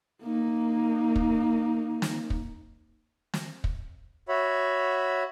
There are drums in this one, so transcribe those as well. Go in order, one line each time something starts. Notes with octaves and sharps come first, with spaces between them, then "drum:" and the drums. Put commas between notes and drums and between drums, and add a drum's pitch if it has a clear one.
A#3 D#4
drum: kick
drum: snare
drum: kick
drum: snare
drum: kick
F#4 C#5 E5 B5